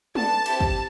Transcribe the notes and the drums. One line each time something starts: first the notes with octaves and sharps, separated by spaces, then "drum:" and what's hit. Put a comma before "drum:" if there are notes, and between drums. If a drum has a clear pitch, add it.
B3 D4 A4 A5, drum: tom
C4 E4 G4, drum: cymbal
drum: kick